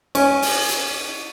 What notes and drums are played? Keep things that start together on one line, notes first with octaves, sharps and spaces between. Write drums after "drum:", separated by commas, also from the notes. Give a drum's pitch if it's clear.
C#4, drum: cymbal
drum: open hi-hat
drum: hi-hat